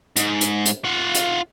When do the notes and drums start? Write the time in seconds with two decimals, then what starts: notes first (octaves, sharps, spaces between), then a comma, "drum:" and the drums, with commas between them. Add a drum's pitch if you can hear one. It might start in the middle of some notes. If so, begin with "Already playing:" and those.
0.16 G#2, drum: hi-hat
0.41 drum: hi-hat
0.65 drum: hi-hat
0.85 F4 F#5
1.15 drum: hi-hat